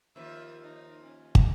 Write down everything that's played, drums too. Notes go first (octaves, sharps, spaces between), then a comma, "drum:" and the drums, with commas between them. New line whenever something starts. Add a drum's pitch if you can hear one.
D#2 F3 E5
D#4
C#4
drum: kick